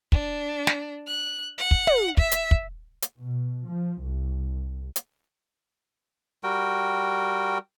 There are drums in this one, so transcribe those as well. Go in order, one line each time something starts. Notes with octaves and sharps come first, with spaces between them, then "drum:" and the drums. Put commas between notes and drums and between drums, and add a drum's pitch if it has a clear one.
D4, drum: kick
drum: snare
F#6
F#5
drum: kick
drum: tom
E5, drum: kick
drum: hi-hat
drum: kick
drum: hi-hat
B2
F3
C2
drum: hi-hat
G3 F#4 A#4 G5